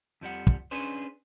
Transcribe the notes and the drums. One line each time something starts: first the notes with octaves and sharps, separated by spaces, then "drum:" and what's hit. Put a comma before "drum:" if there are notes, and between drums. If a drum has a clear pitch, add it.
F2 F3 G3 F#5
drum: kick
C#4 D4 G#4 B4 C5